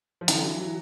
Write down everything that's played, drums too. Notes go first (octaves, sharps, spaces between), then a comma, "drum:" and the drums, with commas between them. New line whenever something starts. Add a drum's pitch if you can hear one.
F3
D3 E3, drum: hi-hat
E3 F#3
E3 F#3